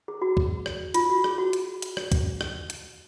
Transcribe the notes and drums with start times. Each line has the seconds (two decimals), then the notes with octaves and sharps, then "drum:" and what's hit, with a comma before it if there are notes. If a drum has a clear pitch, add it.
0.08 G#4
0.22 F#4
0.37 drum: kick
0.66 drum: rim click
0.94 F4, drum: hi-hat
1.10 F#4
1.24 G#4, drum: rim click
1.38 F#4
1.53 drum: hi-hat
1.82 drum: hi-hat
1.97 drum: rim click
2.12 drum: kick, hi-hat
2.41 drum: rim click
2.70 drum: hi-hat